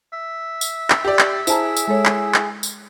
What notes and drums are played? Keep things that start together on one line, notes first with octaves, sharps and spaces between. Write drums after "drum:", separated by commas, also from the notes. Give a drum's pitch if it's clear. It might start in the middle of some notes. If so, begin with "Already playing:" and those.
E5
drum: tambourine
drum: clap
G4 D5
drum: clap
E4 G#4 C5 A5 A#5, drum: tambourine
drum: tambourine
G#3 G#4 A4 C#5
drum: clap
drum: clap
drum: tambourine